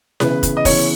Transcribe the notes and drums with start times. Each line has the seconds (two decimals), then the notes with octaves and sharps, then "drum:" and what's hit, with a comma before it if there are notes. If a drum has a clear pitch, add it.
0.20 C#3 E3 B3 B4, drum: snare E4
0.43 drum: kick, hi-hat
0.57 D#5
0.65 C#3 E3 B3 C#5, drum: kick, open hi-hat